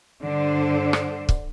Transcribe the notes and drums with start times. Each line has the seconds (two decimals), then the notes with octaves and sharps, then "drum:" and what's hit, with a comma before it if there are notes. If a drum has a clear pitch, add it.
0.22 G2 D3 D4 C5
0.93 drum: rim click
1.29 drum: kick